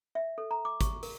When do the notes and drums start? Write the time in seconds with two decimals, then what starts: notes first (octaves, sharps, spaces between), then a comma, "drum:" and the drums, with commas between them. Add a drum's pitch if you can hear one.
0.15 E5
0.38 A4
0.51 A#5
0.65 D6
0.81 C#6, drum: kick, hi-hat
1.03 A#4, drum: open hi-hat